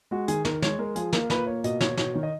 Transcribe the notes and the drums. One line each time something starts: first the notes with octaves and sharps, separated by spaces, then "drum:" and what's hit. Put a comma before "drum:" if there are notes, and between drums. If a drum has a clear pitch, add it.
G#3 F#4
D#3 G#4, drum: hi-hat
D#3 A#4, drum: snare
G#3 C#5, drum: snare
G#3 A#4
F3 G#4, drum: hi-hat
A#3 A#4, drum: snare
A#2 B4, drum: snare
A#3 C#5
B2 D#5, drum: hi-hat
B2 C#5, drum: snare
B2 C#5, drum: snare
D#3 C#5
D#5